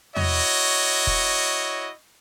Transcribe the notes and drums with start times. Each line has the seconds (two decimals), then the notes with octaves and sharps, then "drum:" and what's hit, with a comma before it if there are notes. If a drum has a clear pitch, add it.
0.16 E4 F#4 C#5 D#5, drum: tom E2
1.07 drum: kick